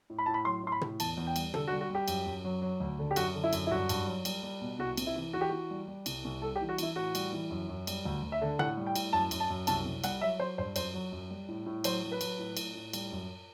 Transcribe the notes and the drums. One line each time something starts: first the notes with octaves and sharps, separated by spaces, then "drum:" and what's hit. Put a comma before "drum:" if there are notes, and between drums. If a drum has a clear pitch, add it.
A2
B5
A2 A5
B5
F#3 C6
A2 C6
B5
A2, drum: tom
E2 A5, drum: cymbal
E2
G5
G3, drum: cymbal
D3 A4, drum: tom
F#4
G3
F#4
G3 G4
F#2, drum: cymbal
F#2
F#3
F#3
D2
D3
G4
F#2 F#4, drum: cymbal
D3
E4
F#2, drum: cymbal
E4
G2 F#4
G2, drum: cymbal
F#3
G3, drum: cymbal
G3
B2
C2 F#4
C3, drum: cymbal
E4
E3
E3 F#4
G4
E3 F#4
G3
G3
C2, drum: cymbal
C2
G3 A4
G4
E3
F#4
E3 E4, drum: cymbal
A2 F#4
G3, drum: cymbal
E3
F#2
F#2
G3, drum: cymbal
D2
D2
E5
D3
A2 F#5, drum: tom
G3
G5
A2, drum: cymbal
F#2 A5
F#2, drum: cymbal
A5
F#2
C2 A5, drum: cymbal
C2
G3 F#5, drum: cymbal
F#3 E5
F#3 C5
G2 C5
F#2 C5, drum: cymbal
F#3
F#2
G3
A2
A2
F#3 C5, drum: cymbal
F#3
B4
F#3, drum: cymbal
A2
A2, drum: cymbal
A2
G3, drum: cymbal
F#2